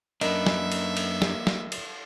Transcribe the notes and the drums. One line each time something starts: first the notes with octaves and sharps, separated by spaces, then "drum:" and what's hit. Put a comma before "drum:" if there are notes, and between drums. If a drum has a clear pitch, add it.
F#2 A#3 D4 D#4 A#4 B4 D#5 E5, drum: cymbal
drum: snare
drum: cymbal
drum: cymbal
drum: snare
drum: snare
drum: cymbal